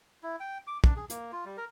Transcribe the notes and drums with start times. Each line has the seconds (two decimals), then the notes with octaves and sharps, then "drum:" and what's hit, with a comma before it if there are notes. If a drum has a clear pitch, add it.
0.23 E4
0.40 G5
0.67 D6
0.84 D4, drum: kick
0.96 G#4
1.10 A#3, drum: hi-hat
1.32 F4
1.45 G3
1.57 A#4